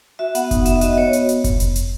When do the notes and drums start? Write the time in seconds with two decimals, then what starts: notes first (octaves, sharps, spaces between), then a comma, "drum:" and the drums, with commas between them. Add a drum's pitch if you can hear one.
0.19 F#4 E5
0.35 B3 F#5, drum: hi-hat
0.51 D#4, drum: kick F1, hi-hat
0.61 F#5
0.66 B3 E5, drum: hi-hat
0.76 E5
0.81 F#4 D#5, drum: hi-hat
0.93 D#5
0.98 B3 C#5
1.13 drum: hi-hat
1.29 drum: hi-hat
1.44 drum: kick F1, hi-hat
1.60 drum: hi-hat
1.76 drum: hi-hat